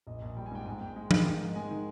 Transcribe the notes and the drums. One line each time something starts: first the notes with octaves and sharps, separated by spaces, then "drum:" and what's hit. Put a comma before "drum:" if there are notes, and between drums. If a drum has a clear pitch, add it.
A#1 D#5
A#1
G3 G5
G#5
G#2 G5
G#2 G#5
G#2 G5
G#3
D#3 F5, drum: tom F3
G#2 G5
D#4
G#3 G#5
D#3